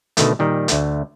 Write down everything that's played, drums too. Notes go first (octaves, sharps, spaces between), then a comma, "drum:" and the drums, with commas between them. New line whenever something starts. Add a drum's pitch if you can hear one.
B2 D3 D#3 A3, drum: hi-hat
A#2 D#3 G3
D2 A3, drum: hi-hat